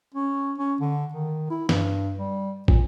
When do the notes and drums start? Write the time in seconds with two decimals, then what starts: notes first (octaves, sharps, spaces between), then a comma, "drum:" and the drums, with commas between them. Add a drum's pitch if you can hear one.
0.14 C#4
0.58 C#4
0.81 D3
1.13 D#3
1.50 E4
1.69 G2, drum: snare
2.19 G3
2.68 A#2, drum: kick